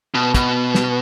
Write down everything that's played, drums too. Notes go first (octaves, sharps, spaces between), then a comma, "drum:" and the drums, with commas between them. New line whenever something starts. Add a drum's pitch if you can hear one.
B2
B2, drum: kick, hi-hat
drum: snare